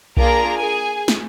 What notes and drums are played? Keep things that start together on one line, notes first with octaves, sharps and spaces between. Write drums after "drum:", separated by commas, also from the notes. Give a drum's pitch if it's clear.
A#3 D4 F4 G#4 A#4 A#5, drum: kick B1
G#4 G#5
drum: snare